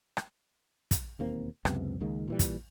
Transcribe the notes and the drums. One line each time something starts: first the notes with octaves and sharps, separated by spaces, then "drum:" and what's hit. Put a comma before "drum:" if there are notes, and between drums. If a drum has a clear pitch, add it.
drum: rim click
drum: kick, hi-hat
E1 D#2 A#3 C4
C#2 F#2 C3 B3, drum: rim click
C#2 D#3 G#3 A#3
A#2 E3 G3
drum: kick, hi-hat